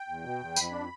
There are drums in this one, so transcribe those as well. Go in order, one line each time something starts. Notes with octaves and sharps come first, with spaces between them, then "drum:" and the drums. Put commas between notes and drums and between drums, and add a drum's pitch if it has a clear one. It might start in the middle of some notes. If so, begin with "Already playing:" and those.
Already playing: G5
E2
B2
E2
F2 B5, drum: tambourine
D4